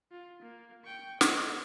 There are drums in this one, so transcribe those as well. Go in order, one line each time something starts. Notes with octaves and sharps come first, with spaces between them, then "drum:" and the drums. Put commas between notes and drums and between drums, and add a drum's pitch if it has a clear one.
F4
A#3
G5 C#6
C5 D#5, drum: snare